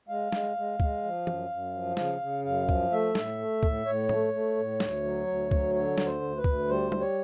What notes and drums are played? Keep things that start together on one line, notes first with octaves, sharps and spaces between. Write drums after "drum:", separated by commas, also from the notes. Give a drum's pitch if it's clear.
G#3 F5
G#3, drum: snare
G#3
G#3, drum: kick
F3
F#2, drum: tom
F#2
F3
C#3 F5, drum: snare
C#3
F#2 F5
F3, drum: kick
A3 E5
A2, drum: snare
A3
A2, drum: kick
A2 C#5
A3, drum: tom A2
A3
A2
D2, drum: snare
F#3
D2
F#3, drum: kick
D3 C#5
D2, drum: snare
C5
D2
B4
D2, drum: kick
G3 C5
G3, drum: tom
C#5